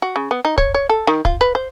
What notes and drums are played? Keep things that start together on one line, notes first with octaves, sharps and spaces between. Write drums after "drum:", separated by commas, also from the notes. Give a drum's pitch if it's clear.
F#4
C#3
B3
D#4
C#5, drum: kick
C#5
A4
D#3
F4, drum: kick
B4
C5